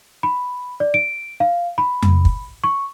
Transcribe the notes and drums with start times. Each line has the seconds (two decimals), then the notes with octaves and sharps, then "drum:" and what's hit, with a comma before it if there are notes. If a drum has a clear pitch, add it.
0.23 B5
0.80 D5
0.94 D7
1.40 F5
1.78 B5
2.03 drum: tom F2
2.25 drum: kick
2.64 C#6